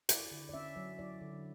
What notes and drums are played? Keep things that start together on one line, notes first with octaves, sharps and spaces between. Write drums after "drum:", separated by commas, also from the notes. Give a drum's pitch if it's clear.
E4 D5, drum: hi-hat
D3
D5
C#4 E5
F#3
E4 D5
D3